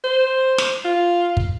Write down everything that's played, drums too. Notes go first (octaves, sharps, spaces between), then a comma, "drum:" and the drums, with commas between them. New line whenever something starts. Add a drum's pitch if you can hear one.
C5
drum: snare
F4
drum: kick